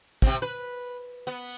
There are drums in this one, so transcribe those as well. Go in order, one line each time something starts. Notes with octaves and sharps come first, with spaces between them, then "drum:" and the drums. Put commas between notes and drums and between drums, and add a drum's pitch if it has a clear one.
C3 C4, drum: kick
B4
B3